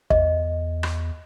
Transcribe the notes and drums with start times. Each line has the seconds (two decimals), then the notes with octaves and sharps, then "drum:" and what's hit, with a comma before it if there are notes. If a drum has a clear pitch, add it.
0.10 E2 D#5, drum: kick
0.83 drum: rim click